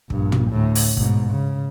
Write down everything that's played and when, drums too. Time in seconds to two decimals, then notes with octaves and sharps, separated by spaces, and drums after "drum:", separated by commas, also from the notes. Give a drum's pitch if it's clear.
0.10 A#1 G2, drum: kick
0.32 drum: tom
0.50 D2 A2
0.75 drum: open hi-hat
0.97 G#2 B2, drum: kick
1.30 C#3